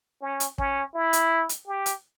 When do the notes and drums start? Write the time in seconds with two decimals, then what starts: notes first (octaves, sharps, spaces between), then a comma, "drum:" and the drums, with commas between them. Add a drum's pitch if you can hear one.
0.22 C#4
0.40 drum: hi-hat
0.58 C#4, drum: kick
0.95 E4
1.13 drum: hi-hat
1.49 drum: hi-hat
1.68 G4
1.86 drum: hi-hat